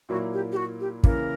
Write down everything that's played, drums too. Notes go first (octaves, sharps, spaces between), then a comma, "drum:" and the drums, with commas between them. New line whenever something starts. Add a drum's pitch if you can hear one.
A#2 F#3 A#3 E4 F#4
G4
G4
F#4
G4
C#3 E3 A#3 A#4, drum: kick